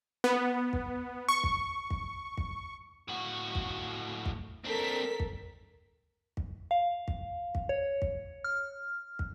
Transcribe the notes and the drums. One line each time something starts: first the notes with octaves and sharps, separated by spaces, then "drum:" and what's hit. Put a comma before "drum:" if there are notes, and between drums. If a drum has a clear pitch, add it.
B3
drum: kick
C#6
drum: kick
drum: kick
drum: kick
A2 F#4
drum: kick
drum: kick
C4 D4 A4 A#4 B6
drum: kick
drum: kick
F5
drum: kick
drum: kick
C#5
drum: kick
F6
drum: kick